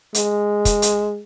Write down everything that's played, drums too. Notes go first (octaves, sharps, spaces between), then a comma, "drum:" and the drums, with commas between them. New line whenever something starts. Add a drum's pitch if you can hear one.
G#3, drum: hi-hat
drum: kick, hi-hat
drum: hi-hat